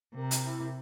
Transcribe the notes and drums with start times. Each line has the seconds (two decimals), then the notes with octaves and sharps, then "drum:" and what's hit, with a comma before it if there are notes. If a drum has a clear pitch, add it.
0.15 C3 A#4
0.31 drum: hi-hat
0.42 E4